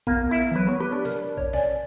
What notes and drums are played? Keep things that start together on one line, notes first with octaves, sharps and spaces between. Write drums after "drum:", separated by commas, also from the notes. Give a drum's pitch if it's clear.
A#3 B3, drum: kick A#1
E4
E3
F#3 B4
B3 C#5
G4 B4
D4 G4
A#4, drum: snare
C#5, drum: kick A#1
C#4 D5, drum: snare